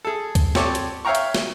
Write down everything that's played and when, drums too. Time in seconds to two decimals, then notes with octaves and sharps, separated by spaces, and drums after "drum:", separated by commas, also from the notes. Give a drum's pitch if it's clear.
0.05 G#4 A4
0.35 drum: kick C#2, hi-hat
0.55 C4 G4 A4 C#5 D5, drum: snare
0.75 drum: hi-hat
1.05 C#5 E5 F5 G5 A#5 C#6
1.15 drum: hi-hat
1.35 drum: snare